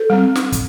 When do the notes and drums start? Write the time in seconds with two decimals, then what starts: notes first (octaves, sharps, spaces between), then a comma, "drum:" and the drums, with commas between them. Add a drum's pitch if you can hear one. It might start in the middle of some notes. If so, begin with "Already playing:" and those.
Already playing: A4
0.10 G3 C4
0.35 drum: snare
0.52 drum: kick, hi-hat